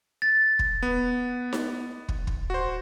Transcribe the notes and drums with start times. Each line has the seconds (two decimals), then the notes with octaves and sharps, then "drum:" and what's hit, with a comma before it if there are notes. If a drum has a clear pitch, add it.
0.22 A6
0.59 drum: kick
0.83 B3
1.53 drum: snare D#4
2.09 drum: kick
2.27 drum: kick
2.50 F#4 C5